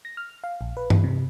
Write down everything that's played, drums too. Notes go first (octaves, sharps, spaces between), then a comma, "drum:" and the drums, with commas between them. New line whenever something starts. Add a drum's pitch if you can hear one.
A#6
F6
F5
A#1
B4
E3, drum: tom G2
C3